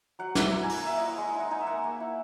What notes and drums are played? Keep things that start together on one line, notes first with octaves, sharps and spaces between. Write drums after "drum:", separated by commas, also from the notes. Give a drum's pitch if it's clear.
F#3 F#5
E4 B5, drum: snare
E4 A#5
G#5
A#3 F#5, drum: open hi-hat
A#3 E5
E4 D#5
C#5
G#3
D#5
D#4
F#5
D#4 G#5
E5
A#3 F#5
A#3
E4